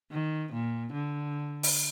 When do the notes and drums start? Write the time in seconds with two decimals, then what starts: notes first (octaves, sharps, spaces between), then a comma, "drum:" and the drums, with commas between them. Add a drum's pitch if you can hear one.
0.12 D#3
0.53 A#2
0.93 D3
1.63 drum: open hi-hat